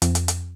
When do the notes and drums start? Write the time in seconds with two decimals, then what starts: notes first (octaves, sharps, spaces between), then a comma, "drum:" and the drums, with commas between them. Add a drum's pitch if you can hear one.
0.02 F2, drum: hi-hat
0.15 drum: hi-hat
0.28 drum: hi-hat